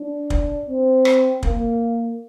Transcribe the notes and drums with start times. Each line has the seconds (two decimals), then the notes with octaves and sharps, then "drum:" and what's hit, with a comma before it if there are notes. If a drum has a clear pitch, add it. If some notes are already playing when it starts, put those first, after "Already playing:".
Already playing: D4
0.30 drum: kick
0.68 C4
1.05 drum: rim click
1.43 A#3, drum: kick